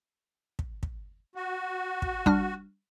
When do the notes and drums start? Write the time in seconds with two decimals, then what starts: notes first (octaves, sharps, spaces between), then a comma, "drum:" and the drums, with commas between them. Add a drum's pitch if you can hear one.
0.59 drum: kick
0.83 drum: kick
1.35 F#4
2.02 drum: kick
2.26 G3 D4 F6, drum: kick